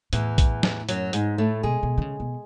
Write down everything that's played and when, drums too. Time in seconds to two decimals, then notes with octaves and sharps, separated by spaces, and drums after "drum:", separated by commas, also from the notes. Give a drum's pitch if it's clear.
0.13 E2 A2 E3, drum: hi-hat
0.38 drum: kick A#1, hi-hat
0.63 drum: snare
0.89 F#2 F#3, drum: hi-hat
1.13 G#2 G#3, drum: hi-hat
1.38 A2 A3
1.63 B2 G#3 G#4
1.83 B2
1.98 D3
2.02 C#3
2.20 B2